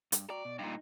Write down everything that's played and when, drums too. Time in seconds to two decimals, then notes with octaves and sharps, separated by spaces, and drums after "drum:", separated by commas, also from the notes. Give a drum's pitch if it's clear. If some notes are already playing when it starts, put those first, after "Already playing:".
0.12 G2, drum: hi-hat
0.30 F#4 D5 G5 A#5
0.45 B2
0.59 G2 A#2 D#4